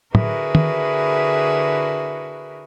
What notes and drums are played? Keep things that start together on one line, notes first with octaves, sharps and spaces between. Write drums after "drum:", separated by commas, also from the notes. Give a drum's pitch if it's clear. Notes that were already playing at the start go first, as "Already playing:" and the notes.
D3 E4 F#4 G#4 A#4 B4, drum: tom A2
drum: tom D#3